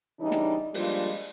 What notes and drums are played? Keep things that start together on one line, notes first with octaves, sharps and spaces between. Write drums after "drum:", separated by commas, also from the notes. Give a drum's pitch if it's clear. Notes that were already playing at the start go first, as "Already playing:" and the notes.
C#3 E3 G3 D4 D#4
drum: snare
F3 G3 G#3 A#3 D4 F4, drum: open hi-hat